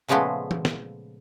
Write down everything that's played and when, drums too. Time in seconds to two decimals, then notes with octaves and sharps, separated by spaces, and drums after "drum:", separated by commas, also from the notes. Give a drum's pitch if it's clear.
0.09 A#2 C#3 F3 G#3 A3 B3
0.51 drum: tom E3
0.65 drum: snare